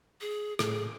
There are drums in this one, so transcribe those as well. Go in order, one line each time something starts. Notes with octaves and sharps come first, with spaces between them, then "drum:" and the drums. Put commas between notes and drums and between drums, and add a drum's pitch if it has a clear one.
G#4
A2 G#4, drum: rim click